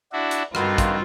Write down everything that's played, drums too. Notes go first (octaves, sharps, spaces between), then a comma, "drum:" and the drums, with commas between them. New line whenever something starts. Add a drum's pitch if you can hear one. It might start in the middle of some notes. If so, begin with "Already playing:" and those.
D4 E4 F#4
drum: hi-hat
G2 D3 D#3 C4 F4 F#4 B4, drum: rim click
drum: kick, hi-hat